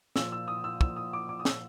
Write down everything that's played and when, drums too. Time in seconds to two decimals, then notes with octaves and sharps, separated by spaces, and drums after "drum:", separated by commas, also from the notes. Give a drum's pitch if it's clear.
0.16 A#2 F3 E6, drum: snare
0.32 E6
0.48 D#6
0.64 E6
0.81 A#2 F3 E6, drum: kick
0.96 D#6
1.13 D6
1.29 D6
1.40 D#6
1.45 A#2 F3 E6, drum: snare